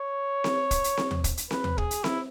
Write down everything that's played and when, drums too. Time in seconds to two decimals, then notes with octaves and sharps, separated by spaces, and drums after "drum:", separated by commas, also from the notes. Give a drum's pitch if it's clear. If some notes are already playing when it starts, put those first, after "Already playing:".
Already playing: C#5
0.44 drum: snare C4
0.71 drum: kick, hi-hat
0.84 drum: hi-hat
0.97 drum: snare C4
1.11 drum: tom D#2
1.24 drum: kick, hi-hat
1.37 drum: hi-hat
1.51 B4, drum: snare C4
1.64 drum: tom D#2
1.78 G#4, drum: kick
1.91 drum: hi-hat
2.04 E4, drum: snare C4